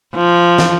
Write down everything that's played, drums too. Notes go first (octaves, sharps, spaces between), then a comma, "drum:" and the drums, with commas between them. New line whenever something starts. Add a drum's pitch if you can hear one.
F3
drum: snare